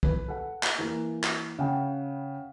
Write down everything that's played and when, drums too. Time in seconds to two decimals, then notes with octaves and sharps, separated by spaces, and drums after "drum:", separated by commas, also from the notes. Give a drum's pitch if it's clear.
0.03 B4, drum: kick
0.28 A4 F#5
0.63 drum: clap
0.78 E3 A#3
1.24 drum: clap
1.59 C#3 F#5 G5